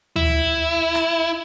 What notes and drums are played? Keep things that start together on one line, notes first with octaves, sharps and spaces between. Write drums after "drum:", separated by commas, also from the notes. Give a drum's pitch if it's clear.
E4, drum: tom D2
drum: rim click